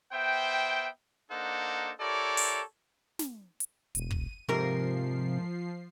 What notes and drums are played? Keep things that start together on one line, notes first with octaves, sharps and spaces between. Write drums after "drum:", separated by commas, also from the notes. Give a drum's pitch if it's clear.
B3 C5 E5 G5
A#3 D4 D#4 A4 C5 F#5
E4 G4 A4 A#4 C#5 D5
drum: open hi-hat
drum: snare
drum: hi-hat
E1 D#7, drum: hi-hat
drum: kick
G#2 C3 F3 A#4 C7